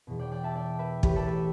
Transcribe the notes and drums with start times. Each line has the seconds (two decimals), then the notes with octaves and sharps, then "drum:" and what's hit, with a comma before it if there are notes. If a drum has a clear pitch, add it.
0.07 E2 B2
0.19 D5 G5
0.32 D5 G5
0.44 E5 A5
0.56 D5 G5
0.79 B4 E5
1.03 A2 E3 G4 B4, drum: kick
1.16 A4 D5
1.27 B4 E5